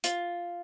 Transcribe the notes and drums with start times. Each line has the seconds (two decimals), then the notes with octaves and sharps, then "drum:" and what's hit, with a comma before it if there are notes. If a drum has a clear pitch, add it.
0.04 F4, drum: hi-hat